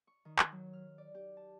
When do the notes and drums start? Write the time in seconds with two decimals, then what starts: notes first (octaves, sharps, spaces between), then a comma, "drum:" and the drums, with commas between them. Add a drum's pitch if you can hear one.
0.07 C#6
0.25 D#3
0.39 drum: clap
0.52 F#3
0.73 F6
0.98 D5
1.15 G4
1.37 A5